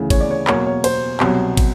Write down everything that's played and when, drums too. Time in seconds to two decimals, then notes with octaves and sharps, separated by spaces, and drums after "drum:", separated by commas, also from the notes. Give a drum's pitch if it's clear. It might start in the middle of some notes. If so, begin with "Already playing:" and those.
Already playing: D2 C#3 E3
0.10 C#5, drum: kick, cymbal
0.21 D5
0.31 C#5
0.47 E2 B2 F#3 A#3 C#5, drum: clap
0.66 C#5
0.84 C5, drum: cymbal
1.20 C2 B2 F#3, drum: clap
1.57 drum: kick, cymbal